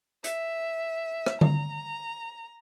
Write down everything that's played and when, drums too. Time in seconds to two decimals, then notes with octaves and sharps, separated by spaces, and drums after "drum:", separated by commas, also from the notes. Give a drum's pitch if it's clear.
0.24 E5, drum: hi-hat
1.26 drum: rim click
1.41 A#5, drum: tom D3